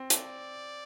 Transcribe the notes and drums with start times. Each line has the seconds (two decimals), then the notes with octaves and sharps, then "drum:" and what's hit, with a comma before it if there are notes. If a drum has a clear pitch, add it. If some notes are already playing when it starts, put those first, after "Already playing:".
Already playing: C4
0.10 D5, drum: hi-hat